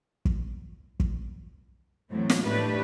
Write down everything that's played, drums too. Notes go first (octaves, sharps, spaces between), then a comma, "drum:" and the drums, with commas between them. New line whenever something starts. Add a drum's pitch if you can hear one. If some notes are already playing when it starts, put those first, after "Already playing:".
drum: kick
drum: kick
E2 A2 F#3 A3 C4
drum: snare
A2 D#3 A3 D4 G4 B4